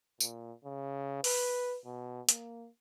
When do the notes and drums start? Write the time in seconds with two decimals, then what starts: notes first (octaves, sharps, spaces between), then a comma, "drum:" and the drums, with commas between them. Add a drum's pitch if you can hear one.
0.20 A#2, drum: tambourine
0.65 C#3
1.24 B4, drum: open hi-hat
1.85 B2
2.29 A#3, drum: hi-hat